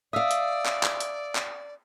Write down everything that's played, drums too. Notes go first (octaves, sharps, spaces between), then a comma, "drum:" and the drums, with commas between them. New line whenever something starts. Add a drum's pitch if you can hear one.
D5 E5 F5 D#6 E6
drum: hi-hat
drum: clap
drum: clap
drum: hi-hat
drum: clap